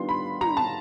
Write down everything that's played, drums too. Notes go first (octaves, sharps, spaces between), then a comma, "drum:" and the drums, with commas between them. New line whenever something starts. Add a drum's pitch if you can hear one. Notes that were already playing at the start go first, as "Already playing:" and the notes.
Already playing: D#3 G3 B3 D4 F4 C6
B5
A#5, drum: tom
A5